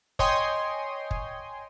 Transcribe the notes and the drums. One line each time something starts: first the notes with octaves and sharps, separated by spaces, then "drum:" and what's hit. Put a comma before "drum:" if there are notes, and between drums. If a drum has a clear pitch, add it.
C#5 D#5 G5 G#5 C6 D#6, drum: kick
drum: kick